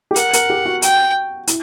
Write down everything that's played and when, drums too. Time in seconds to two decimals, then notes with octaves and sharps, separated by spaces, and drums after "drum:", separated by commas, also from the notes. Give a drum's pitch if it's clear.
0.11 G4
0.16 A#4 F#5, drum: hi-hat
0.33 A#4, drum: hi-hat
0.50 G4
0.65 F#4
0.82 G5, drum: hi-hat
1.47 E4, drum: hi-hat